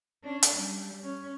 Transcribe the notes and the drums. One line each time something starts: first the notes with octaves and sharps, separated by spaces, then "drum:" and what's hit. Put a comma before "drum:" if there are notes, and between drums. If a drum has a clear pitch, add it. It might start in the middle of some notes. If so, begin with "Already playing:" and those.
C#4 D4
drum: hi-hat
G3
C#4